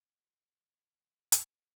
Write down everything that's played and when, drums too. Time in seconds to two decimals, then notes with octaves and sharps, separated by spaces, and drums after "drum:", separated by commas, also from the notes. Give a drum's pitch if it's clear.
0.22 E3 F3
0.90 A#2 G3
1.32 drum: hi-hat